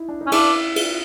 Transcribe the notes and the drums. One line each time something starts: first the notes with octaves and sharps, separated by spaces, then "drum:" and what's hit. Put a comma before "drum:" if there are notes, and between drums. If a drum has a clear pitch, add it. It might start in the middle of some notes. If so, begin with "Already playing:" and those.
Already playing: D#4 E4
D4
D#4
C#4
D4 E4, drum: cymbal
drum: cymbal